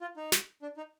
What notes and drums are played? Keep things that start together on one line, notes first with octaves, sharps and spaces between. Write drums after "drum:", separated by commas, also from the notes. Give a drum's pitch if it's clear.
F4
D#4
drum: snare
D4
D#4